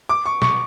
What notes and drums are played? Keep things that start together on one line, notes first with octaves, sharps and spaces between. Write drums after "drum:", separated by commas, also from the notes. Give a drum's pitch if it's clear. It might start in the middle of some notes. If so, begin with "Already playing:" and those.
D6
C#6
C#6, drum: snare